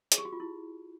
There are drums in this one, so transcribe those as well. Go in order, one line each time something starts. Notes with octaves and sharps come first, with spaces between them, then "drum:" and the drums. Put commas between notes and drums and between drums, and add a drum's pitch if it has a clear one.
G#4, drum: hi-hat
G4
F#4
F4
E4